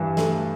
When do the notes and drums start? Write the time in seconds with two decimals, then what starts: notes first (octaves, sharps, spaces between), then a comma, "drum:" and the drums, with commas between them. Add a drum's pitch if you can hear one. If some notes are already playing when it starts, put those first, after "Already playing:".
Already playing: G2 E3
0.17 A3, drum: snare